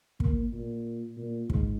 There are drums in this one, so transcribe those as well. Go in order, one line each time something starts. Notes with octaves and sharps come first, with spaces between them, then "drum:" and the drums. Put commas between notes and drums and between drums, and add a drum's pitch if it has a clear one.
A#3, drum: kick
A#2
A#2
G#2, drum: kick